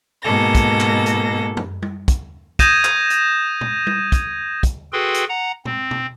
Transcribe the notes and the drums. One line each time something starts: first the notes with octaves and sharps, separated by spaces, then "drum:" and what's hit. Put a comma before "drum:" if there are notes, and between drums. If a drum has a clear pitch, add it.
G#2 B2 A#3 A4 A#6
drum: kick, hi-hat
drum: clap
drum: hi-hat
drum: tom F#2
drum: tom G3
drum: kick, hi-hat
D#6 G6 G#6 A#6 D#7 E7, drum: kick, hi-hat
drum: clap
drum: hi-hat
drum: tom A#2
drum: tom G3
drum: kick, hi-hat
drum: kick, hi-hat
F#4 G#4 A4 B4 G5 C6
drum: hi-hat
F#5 A#5
C4, drum: tom A#2
drum: tom